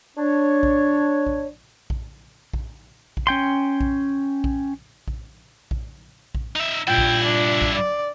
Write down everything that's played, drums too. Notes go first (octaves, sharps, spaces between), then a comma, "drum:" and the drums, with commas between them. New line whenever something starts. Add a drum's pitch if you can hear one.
D4 C#5
drum: kick A#1
drum: kick A#1
drum: kick A#1
drum: kick A#1
drum: kick A#1
C#4 G5 C6
drum: kick A#1
drum: kick A#1
drum: kick A#1
drum: kick A#1
drum: kick A#1
D#4 E5
G2 A#2 E4 G5
drum: kick A#1
D4
drum: kick A#1
D5